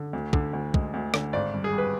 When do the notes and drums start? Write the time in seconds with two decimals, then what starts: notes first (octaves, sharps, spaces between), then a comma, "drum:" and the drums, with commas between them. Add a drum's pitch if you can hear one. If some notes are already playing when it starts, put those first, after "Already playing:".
Already playing: D3
0.13 D2
0.33 D3, drum: kick
0.53 D2
0.74 G#3, drum: kick
0.94 D2
1.14 D3, drum: rim click
1.33 G#1 D5
1.54 G2
1.64 G#4
1.73 G3
1.78 B4